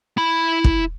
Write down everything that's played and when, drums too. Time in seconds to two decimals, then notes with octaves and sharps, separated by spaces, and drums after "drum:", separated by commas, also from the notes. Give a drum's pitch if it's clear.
0.18 E4 B5
0.64 drum: kick